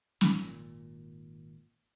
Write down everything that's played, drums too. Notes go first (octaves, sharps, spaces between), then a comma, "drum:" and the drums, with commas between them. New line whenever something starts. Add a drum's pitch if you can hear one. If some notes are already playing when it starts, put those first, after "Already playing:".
G#1 A#2, drum: snare